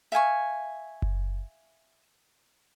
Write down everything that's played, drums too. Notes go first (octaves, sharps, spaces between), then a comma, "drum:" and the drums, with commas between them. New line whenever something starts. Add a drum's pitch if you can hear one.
E5 F5 G#5 C#6
drum: kick F#1